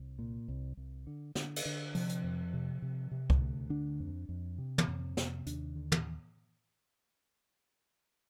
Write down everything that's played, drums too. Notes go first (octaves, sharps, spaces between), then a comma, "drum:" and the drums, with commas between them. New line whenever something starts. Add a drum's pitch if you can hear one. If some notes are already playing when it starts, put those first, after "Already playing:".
Already playing: C2
A#2
C2
C2
D3
D3, drum: snare
drum: cymbal
D3
C3 F3, drum: open hi-hat
drum: hi-hat
F2
C3
C3
C3
drum: kick C2
D2
D3 D4
F2
F2
C3
drum: tom
F2
C3, drum: snare
D#2 D4, drum: hi-hat
D3
drum: tom